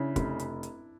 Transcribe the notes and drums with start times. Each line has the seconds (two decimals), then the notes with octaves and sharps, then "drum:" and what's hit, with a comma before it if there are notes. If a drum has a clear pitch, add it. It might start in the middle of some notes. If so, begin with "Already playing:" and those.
Already playing: C#3 D4 E4
0.16 F1, drum: kick, hi-hat
0.39 drum: hi-hat
0.63 drum: hi-hat